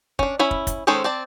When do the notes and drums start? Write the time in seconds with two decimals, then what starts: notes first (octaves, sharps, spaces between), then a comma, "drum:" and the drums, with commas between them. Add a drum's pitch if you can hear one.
0.19 C#4 D4, drum: kick
0.39 C#4 E4 B5
0.51 drum: kick
0.67 drum: kick, hi-hat
0.87 D#3 G#3 C#4 A4 C5
1.04 C4 D5 A5